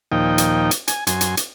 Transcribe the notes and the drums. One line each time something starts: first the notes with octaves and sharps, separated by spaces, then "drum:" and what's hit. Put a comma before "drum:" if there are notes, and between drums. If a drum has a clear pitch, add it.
D#2 A#2 F3 D#4 G5
drum: hi-hat
drum: hi-hat
G#5, drum: hi-hat
F#2 G#5 C6, drum: hi-hat
drum: hi-hat
drum: hi-hat